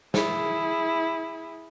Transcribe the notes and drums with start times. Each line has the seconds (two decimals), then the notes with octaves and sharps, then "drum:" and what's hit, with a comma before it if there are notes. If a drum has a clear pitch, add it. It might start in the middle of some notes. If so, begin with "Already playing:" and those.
0.14 E4 G#4, drum: snare